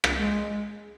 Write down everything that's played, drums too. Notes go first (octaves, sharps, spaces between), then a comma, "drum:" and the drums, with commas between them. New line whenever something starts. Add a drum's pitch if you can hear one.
drum: rim click
G#3